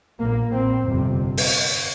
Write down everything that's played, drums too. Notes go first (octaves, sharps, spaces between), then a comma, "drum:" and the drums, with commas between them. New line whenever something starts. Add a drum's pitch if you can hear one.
A#1 A#2 A#3
A#1 A#2 C4
G1 F2 C3
drum: open hi-hat